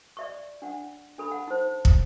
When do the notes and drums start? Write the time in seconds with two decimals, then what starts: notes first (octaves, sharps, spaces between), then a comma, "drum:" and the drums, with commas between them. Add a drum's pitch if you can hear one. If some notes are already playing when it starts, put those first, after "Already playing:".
0.17 D5 E5 C#6
0.62 D4 F#5
1.18 D4 A4 B5
1.32 F#5
1.48 D#4 C5
1.85 drum: kick